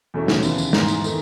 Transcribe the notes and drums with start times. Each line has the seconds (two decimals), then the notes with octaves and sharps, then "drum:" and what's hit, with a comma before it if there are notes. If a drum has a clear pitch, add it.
0.14 E2 B2 A3 C#4 E4
0.28 drum: snare
0.43 D#2 C#3 E3 B3, drum: tambourine
0.58 drum: tambourine
0.73 G#2 E3 G#3 B3 D#4, drum: snare
0.88 drum: tambourine
1.04 D#3 A3 D#4, drum: tambourine